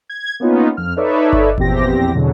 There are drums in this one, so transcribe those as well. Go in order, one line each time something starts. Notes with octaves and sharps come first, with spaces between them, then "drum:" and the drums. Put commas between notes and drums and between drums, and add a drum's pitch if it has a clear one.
G#6
A#3 B3 C#4 D#4 F4
F2 F6
D#4 A4 B4 C#5 D5 E5
drum: kick G1
A#1 E2 C4 G4 A#6, drum: kick G1
E2 B2 D3 F#3